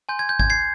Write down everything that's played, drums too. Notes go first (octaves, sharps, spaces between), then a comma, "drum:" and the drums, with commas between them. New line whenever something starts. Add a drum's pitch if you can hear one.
G#5 C6 G6
G#6
G6
G#6, drum: kick G#1
G#6 C7